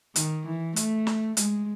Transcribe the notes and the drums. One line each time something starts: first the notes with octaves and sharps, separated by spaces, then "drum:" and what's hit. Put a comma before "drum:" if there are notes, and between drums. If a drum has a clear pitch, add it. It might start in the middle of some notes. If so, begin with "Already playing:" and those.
D#3, drum: hi-hat
E3
A3, drum: hi-hat
drum: snare
G#3, drum: hi-hat